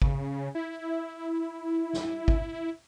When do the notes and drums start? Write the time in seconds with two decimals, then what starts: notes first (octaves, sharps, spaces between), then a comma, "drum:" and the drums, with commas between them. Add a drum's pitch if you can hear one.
0.02 C#3, drum: kick G#1
0.55 E4
1.93 drum: snare
2.28 drum: kick G#1